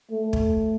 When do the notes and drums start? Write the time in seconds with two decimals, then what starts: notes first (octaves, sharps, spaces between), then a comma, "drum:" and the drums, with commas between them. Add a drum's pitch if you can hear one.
0.11 A3
0.33 drum: kick